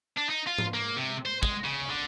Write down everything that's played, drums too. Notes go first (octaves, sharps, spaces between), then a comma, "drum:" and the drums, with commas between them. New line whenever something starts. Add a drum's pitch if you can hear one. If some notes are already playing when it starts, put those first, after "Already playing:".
D4
D#4
F4
drum: tom G#2
A#3
C3
C5
G#3, drum: kick
C#3
D3